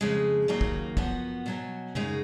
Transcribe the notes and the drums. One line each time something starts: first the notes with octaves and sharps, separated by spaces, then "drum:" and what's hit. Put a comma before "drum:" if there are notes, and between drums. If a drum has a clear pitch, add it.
F2 C#3 G#3
D#2 C#3 F#3 A#3 D#4
drum: kick
F#2 F3 B3 F#4, drum: kick
B2 F#3 C#4
F#2 C#3 G#3 D#4, drum: tom